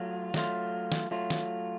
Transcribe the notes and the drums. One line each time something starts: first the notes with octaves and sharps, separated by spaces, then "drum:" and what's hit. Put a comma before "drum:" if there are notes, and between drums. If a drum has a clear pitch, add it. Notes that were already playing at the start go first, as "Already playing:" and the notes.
Already playing: F#3 A3 F4
F#3 A3 F4, drum: snare
drum: snare
F#3 A3 F4
drum: snare